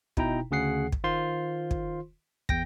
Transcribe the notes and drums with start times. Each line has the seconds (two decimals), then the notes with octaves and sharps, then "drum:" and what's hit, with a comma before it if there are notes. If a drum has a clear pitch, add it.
0.17 B2 D#4 E4 G5 A#5, drum: kick
0.51 D2 C#3 G#4 F#5 C7
0.92 drum: kick
1.04 D#3 F4 C5 C6
1.71 drum: kick
2.49 E2 G5 A#6, drum: kick